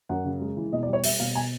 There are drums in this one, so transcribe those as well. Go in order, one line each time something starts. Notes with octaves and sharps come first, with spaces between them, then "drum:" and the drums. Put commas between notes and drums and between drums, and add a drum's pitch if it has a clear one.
F#2 F#5
C#3
G#3
E3
B2 D#5
D5
G3
C#5
G3 E5, drum: open hi-hat
B2 F5
B2 G#5